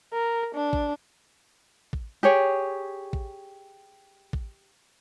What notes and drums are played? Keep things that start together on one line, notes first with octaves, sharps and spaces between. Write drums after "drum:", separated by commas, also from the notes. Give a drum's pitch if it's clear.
A#4
D4
drum: kick A1
drum: kick A1
G4 G#4 C#5
drum: kick A1
drum: kick A1